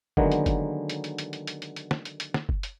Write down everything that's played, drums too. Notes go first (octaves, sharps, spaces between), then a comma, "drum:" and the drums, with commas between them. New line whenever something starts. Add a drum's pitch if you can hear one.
D3 D#3 F#3 G#3 A#3 B3, drum: kick F#1
drum: hi-hat
drum: kick F#1, hi-hat
drum: hi-hat
drum: hi-hat
drum: hi-hat
drum: hi-hat
drum: hi-hat
drum: hi-hat
drum: hi-hat
drum: snare
drum: hi-hat
drum: hi-hat
drum: snare
drum: kick F#1
drum: hi-hat